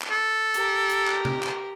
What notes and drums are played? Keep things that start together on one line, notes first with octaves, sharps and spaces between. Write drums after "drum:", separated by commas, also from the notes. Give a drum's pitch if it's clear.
drum: clap
A4
G4 A#4, drum: hi-hat
drum: hi-hat
drum: clap
drum: tom C3
drum: clap